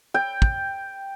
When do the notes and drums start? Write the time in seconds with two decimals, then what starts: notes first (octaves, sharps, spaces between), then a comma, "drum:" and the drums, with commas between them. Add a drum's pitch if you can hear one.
0.14 G5
0.42 drum: kick